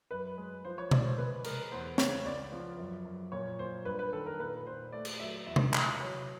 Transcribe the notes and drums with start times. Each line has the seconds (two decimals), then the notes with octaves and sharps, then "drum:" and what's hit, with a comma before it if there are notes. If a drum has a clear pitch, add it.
0.11 F#2 B4
0.38 G#3
0.65 F3 C5
0.78 C#5
0.91 G#3 D5, drum: tom B2
1.05 C5
1.18 G#3 B4
1.44 G#3 A#4, drum: cymbal
1.72 E2 C5
1.98 C#3 C#5, drum: snare
2.25 C#2 D5
2.52 F3
2.79 F#2
3.05 F#2
3.32 A#2 C#5
3.59 A#2 C5
3.85 G2 B4
3.99 B4
4.13 D#3 A4
4.26 A#4
4.39 A#2 B4
4.67 A#2 C5
4.92 A3 D5
5.05 drum: cymbal
5.20 F#3 E5
5.46 E2 E5
5.56 drum: tom C3
5.74 E3, drum: clap
6.00 F#3 C#5